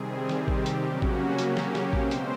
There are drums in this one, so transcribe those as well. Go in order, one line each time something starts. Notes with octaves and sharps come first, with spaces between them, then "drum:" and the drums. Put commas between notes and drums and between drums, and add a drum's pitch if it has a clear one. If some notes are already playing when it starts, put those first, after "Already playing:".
Already playing: C3 D#3 G3 C4 G#4
G4, drum: snare
drum: kick A1
drum: hi-hat
C#3 F#3 A#3 C#4 F#4
drum: kick A1
G4, drum: hi-hat
drum: snare
drum: snare
B2 G#3 C4 C5, drum: kick A1
drum: hi-hat